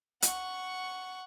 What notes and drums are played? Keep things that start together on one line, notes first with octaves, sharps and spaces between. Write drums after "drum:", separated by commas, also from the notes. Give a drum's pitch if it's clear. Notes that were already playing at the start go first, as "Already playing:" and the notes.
F#5 C#6, drum: hi-hat